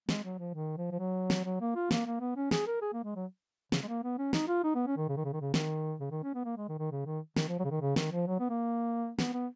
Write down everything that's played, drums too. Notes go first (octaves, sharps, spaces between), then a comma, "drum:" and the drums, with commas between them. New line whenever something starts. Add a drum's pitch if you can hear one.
G#3, drum: snare
F#3
F3
D#3
F3
F3
F#3
drum: snare
F#3
A#3
F4
A#3, drum: snare
A#3
B3
C#4
G#4, drum: snare
A#4
G#4
A#3
G#3
F#3
C#3, drum: snare
G#3
A#3
B3
C#4
D#4, drum: snare
F4
D#4
B3
C#4
D#3
C#3
D#3
C#3
D#3
C#3
D#3, drum: snare
C#3
D#3
C#4
B3
A#3
G#3
D#3
D#3
C#3
D#3
D#3, drum: snare
F3
F#3
C#3
D#3
C#3
D#3, drum: snare
F3
F#3
B3
A#3
B3, drum: snare
B3